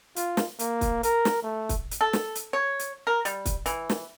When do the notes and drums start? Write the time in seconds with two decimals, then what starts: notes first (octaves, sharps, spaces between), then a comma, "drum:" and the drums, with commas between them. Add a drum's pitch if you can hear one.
0.16 F4, drum: hi-hat
0.37 drum: snare
0.59 A#3, drum: hi-hat
0.81 drum: kick, hi-hat
1.03 A#4, drum: hi-hat
1.25 drum: snare
1.43 A3
1.69 drum: kick, hi-hat
1.91 drum: hi-hat
2.01 A4
2.13 drum: snare
2.35 drum: hi-hat
2.53 C#5
2.79 drum: hi-hat
3.07 A#4
3.25 G3, drum: hi-hat
3.45 drum: kick, hi-hat
3.66 E3, drum: hi-hat
3.90 drum: snare